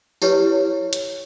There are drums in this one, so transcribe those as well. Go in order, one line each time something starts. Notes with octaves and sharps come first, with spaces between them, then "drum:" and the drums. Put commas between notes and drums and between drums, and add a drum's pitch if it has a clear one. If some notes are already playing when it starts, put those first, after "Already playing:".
E4 G4 B4 C#5, drum: tambourine
drum: hi-hat